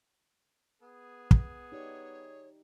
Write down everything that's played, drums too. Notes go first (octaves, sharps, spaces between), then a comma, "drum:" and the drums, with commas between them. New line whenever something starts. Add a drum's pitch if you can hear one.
B3 G#4
drum: kick
D#4 G4 C#5 D5